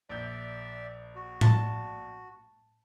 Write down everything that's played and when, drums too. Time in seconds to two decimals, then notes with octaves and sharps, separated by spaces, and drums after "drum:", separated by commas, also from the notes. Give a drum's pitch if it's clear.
0.09 A#1 D5 E5 G6
1.16 F#4
1.41 A5, drum: tom A2